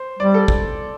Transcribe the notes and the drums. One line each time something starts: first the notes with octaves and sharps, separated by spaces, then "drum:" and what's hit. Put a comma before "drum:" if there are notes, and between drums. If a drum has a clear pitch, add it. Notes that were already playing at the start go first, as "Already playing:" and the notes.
Already playing: C5
G3 D5
A4
drum: kick